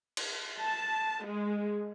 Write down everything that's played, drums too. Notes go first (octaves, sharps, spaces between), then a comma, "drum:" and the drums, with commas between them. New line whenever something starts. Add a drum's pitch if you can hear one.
drum: cymbal
A5
G#3